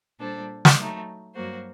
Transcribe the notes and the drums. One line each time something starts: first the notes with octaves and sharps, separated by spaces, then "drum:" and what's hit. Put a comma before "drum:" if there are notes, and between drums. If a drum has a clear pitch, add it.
A#2 G3 D4 A4 C5
drum: snare
F#3 A3 D#4
G2 F#3 A#3 F#4 C5